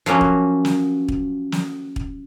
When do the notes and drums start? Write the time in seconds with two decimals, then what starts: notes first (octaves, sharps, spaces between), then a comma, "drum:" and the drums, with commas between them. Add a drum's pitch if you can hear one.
0.06 F3 F#3 A#3 C#4 F#4
0.21 drum: kick
0.65 drum: snare
1.08 drum: kick
1.52 drum: snare
1.96 drum: kick